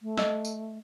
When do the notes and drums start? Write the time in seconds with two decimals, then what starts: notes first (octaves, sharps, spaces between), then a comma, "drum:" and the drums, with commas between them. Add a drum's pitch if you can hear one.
0.02 A3
0.17 D#5 E6, drum: snare
0.45 drum: tambourine